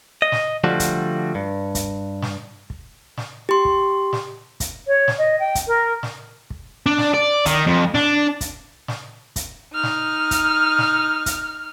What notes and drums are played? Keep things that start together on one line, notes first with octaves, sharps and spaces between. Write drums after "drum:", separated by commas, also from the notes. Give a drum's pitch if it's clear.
D#5
drum: snare
D3 F3 G3 A3 F#4
drum: kick, hi-hat
G2
drum: kick, hi-hat
drum: snare
drum: kick
drum: snare
G4 C6
drum: kick
drum: snare
drum: kick, hi-hat
C#5
drum: snare
D#5
G5
drum: kick, hi-hat
A#4
drum: snare
drum: kick
D4
drum: snare
D5
D#3, drum: kick, hi-hat
F2
D4, drum: snare
drum: kick, hi-hat
drum: snare
drum: kick, hi-hat
D#4 F6
drum: snare
drum: kick, hi-hat
drum: snare
drum: kick, hi-hat